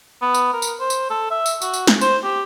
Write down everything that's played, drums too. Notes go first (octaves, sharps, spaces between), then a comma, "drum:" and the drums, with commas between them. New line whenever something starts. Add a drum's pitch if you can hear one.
B3
drum: tambourine
A#4
drum: tambourine
C5
drum: tambourine
A4
E5
drum: tambourine
F#4, drum: tambourine
drum: tambourine
drum: snare
C5, drum: tambourine
G4